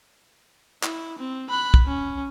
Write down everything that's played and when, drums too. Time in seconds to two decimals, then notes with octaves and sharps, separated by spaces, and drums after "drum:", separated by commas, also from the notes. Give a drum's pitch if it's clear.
0.83 E4, drum: clap
1.18 C4
1.50 B5 F#6
1.74 drum: kick
1.86 C#4